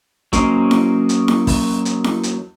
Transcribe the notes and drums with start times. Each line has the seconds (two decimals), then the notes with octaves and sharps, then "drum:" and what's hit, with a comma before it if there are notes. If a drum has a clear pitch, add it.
0.33 F#3 A#3 C#4 C5 D#5, drum: kick, hi-hat
0.71 drum: snare E4
1.09 drum: hi-hat
1.28 drum: snare E4
1.47 drum: kick, open hi-hat
1.85 drum: hi-hat
2.04 drum: snare E4
2.23 drum: hi-hat